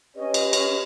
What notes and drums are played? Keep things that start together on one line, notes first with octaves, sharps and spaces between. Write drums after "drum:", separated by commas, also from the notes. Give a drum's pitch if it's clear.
C#4 G4 B4 C#5 D#5
drum: cymbal
drum: cymbal